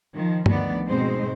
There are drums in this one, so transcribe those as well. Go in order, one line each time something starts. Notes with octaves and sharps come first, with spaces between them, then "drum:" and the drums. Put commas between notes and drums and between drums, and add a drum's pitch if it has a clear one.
D#3 F3
D2 D#3 F3 B3 D5, drum: tom
G#2 B2 G#3 C4 D#4 C5